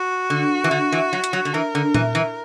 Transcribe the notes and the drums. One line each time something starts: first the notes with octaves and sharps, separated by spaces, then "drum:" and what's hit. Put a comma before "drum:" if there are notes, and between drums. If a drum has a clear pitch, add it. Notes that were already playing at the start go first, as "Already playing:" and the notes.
Already playing: F#4
D3
E3
D3
E3
F#3
drum: hi-hat
F#3
D3
E3 A#4
D3
E3, drum: tom A#2
E3